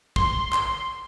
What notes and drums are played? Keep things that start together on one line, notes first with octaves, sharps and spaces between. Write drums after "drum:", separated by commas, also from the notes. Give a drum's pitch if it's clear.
C6, drum: kick
drum: clap